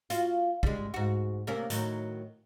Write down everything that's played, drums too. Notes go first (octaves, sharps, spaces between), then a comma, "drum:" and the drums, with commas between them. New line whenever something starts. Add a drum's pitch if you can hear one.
F4 F#4, drum: hi-hat
G3 G#3, drum: kick
G#2 F#4
C3 A#3 C#4
A2 D#3 F#3, drum: hi-hat